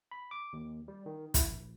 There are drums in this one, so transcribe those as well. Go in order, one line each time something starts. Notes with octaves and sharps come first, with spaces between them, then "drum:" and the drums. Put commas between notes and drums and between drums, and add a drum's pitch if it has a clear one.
B5
D6
D#2
G3
D#3
E4, drum: kick, hi-hat
A#1